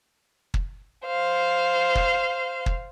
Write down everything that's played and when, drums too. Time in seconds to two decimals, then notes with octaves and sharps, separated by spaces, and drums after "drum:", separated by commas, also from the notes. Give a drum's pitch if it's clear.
0.54 drum: kick
1.07 C5 F5
1.95 drum: kick
2.66 drum: kick